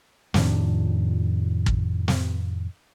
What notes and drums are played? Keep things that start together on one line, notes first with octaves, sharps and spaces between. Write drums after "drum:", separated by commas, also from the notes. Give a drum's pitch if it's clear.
F2 A2 D#3 D4, drum: snare
drum: kick
drum: snare